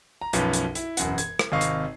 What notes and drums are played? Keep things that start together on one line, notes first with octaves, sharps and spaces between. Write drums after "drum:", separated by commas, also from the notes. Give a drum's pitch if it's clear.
A#5
B1 F#2 B2 F3 C#4 B4, drum: hi-hat
drum: hi-hat
E4, drum: hi-hat
E1 F#2 F#5, drum: hi-hat
G#6, drum: hi-hat
drum: rim click
G#1 C3 D#5 F5 C#6 C7
drum: hi-hat